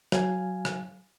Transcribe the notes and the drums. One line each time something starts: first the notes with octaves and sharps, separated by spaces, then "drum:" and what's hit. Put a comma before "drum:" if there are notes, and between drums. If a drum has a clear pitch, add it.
F#3 F5 G#5, drum: rim click
drum: rim click